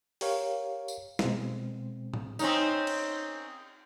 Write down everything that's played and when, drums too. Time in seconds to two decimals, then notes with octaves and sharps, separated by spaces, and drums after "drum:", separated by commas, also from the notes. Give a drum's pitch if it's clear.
0.21 G4 A#4 C#5 F5, drum: open hi-hat
0.88 drum: tambourine
1.19 B2 G#3 C4, drum: snare
2.14 drum: tom A2
2.39 C4 C#4 D#4, drum: tambourine
2.87 drum: cymbal